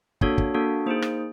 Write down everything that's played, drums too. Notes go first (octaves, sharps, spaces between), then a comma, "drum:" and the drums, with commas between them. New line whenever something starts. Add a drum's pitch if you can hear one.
A#3 D4 F#4 A4 C#5, drum: kick
drum: kick
A#3 D4 F#4 A4
A#3 D#4 G#4 C5
drum: rim click